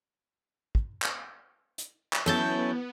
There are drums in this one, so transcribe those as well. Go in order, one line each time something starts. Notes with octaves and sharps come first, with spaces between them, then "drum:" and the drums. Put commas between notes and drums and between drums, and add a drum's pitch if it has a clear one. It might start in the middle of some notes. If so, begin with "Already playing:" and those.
drum: kick
drum: clap
drum: hi-hat
drum: clap
F#3 B3 C#4 E4 A4 G6 A6